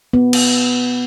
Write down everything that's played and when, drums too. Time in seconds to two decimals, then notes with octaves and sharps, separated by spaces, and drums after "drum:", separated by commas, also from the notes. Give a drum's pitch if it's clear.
0.13 B3
0.33 drum: cymbal